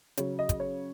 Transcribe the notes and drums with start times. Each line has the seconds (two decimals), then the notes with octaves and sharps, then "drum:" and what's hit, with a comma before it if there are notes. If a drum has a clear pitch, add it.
0.17 C#3 F#3 C#5, drum: hi-hat
0.39 D#5
0.49 drum: kick, hi-hat
0.60 C#5